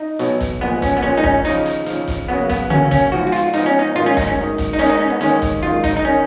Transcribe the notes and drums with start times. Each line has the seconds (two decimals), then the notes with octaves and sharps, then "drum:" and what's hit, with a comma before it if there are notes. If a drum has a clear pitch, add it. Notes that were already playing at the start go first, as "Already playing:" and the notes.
Already playing: D#4
0.19 B1 B2 F#3, drum: hi-hat
0.40 drum: kick, hi-hat
0.61 A#1 A#2 G#3 B3
0.82 C#4, drum: kick, hi-hat
0.97 B3
1.03 A#1 A#2 G#3 C#4
1.18 D#4
1.24 C#4, drum: kick
1.45 D#2 C#3 F3 D#4, drum: hi-hat
1.66 drum: hi-hat
1.86 D#2 C#3 F3, drum: hi-hat
2.08 drum: kick, hi-hat
2.28 F#2 C#3 F#3 A#3 B3
2.49 B3, drum: kick, hi-hat
2.70 F#2 C#3 F#3 A#3 C#4, drum: tom C#3
2.91 C#4, drum: kick, hi-hat
3.12 G#2 F3 B3 F#4
3.27 F#4
3.32 F4, drum: hi-hat
3.53 G#2 F3 B3 D#4, drum: hi-hat
3.66 C#4
3.79 D#4
3.96 G#1 F#2 D#3 F4
4.06 C#4
4.17 D#4, drum: kick, hi-hat
4.27 C#4
4.37 G#1 F#2 D#3
4.58 drum: kick, hi-hat
4.73 D#4
4.79 D#2 D#3 G#3 C#4, drum: hi-hat
4.89 D#4
5.00 C#4
5.10 B3
5.21 D#2 D#3 G#3 C#4, drum: hi-hat
5.42 drum: kick, hi-hat
5.62 G#1 F#2 D#3 F4
5.84 D#4, drum: kick, hi-hat
5.97 D#4
6.05 D#3 C#4